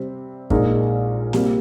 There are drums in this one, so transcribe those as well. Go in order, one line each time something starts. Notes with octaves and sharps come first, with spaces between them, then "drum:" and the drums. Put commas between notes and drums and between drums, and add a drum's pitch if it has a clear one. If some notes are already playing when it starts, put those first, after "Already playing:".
Already playing: C3 G3 C4
A#1 A#2 G#3 D#4 A#4, drum: kick
C3 G3 A#3, drum: snare